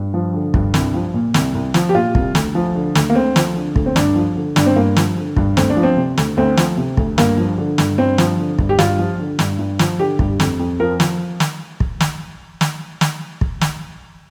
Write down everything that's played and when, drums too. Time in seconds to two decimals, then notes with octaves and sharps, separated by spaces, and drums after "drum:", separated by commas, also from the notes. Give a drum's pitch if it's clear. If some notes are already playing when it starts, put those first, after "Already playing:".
Already playing: G2
0.14 F3
0.34 D3
0.54 G2, drum: kick
0.74 C2, drum: snare
0.94 F3
1.14 A#2
1.34 C2, drum: snare
1.55 C2
1.74 F3, drum: snare
1.89 G4
1.95 A#2 F4
2.15 C2, drum: kick
2.35 D2, drum: snare
2.55 F3
2.75 D3
2.95 D2, drum: snare
3.10 A#3
3.15 D2 C4
3.36 F3, drum: snare
3.56 D3
3.76 D2, drum: kick
3.86 C4
3.96 G2 D4, drum: snare
4.16 F3
4.36 D3
4.56 G2 D4, drum: snare
4.66 C4
4.76 G2 A#3
4.96 F3, drum: snare
5.17 D3
5.37 G2, drum: kick
5.57 D2 C4, drum: snare
5.70 D4
5.77 F3
5.83 C4
5.97 C3
6.18 D2, drum: snare
6.37 D2 C4
6.57 F3, drum: snare
6.77 C3
6.97 D2, drum: kick
7.18 G2 A#3, drum: snare
7.37 F3
7.58 D3
7.78 G2, drum: snare
7.98 G2 C4
8.18 F3, drum: snare
8.39 D3
8.59 G2, drum: kick
8.69 G4
8.79 G2 F4, drum: snare
8.99 F3
9.19 D3
9.39 G2, drum: snare
9.59 G2
9.79 F3, drum: snare
9.99 D3 G4
10.19 G2, drum: kick
10.40 F2, drum: snare
10.59 F2
10.80 F3 A#4
11.00 F3, drum: snare
11.40 drum: snare
11.80 drum: kick
12.00 drum: snare
12.61 drum: snare
13.01 drum: snare
13.41 drum: kick
13.61 drum: snare